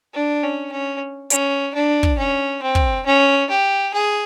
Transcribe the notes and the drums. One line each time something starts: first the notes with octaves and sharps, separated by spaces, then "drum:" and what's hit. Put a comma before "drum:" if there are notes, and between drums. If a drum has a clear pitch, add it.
D4
C#4
C#4
C#4, drum: hi-hat
D4
drum: kick
C#4
C4
drum: kick
C#4
G4
G#4